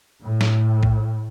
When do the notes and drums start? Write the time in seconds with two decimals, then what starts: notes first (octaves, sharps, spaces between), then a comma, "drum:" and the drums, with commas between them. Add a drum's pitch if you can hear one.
0.22 A2
0.41 drum: snare
0.83 drum: kick